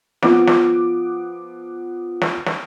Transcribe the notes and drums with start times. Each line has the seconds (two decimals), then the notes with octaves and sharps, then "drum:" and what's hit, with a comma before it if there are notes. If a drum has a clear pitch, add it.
0.23 F3 B3 F#5 D6, drum: snare
0.47 drum: snare
2.21 drum: snare
2.46 drum: snare